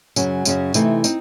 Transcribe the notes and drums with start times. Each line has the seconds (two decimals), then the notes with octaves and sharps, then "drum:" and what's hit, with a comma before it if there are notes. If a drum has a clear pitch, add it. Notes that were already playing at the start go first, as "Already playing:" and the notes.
0.16 F#2 C#3 F#3, drum: tambourine
0.45 F#2 C#3 F#3, drum: tambourine
0.74 C3 E3 A3 C4 D#4, drum: tambourine
1.04 C4 D#4, drum: tambourine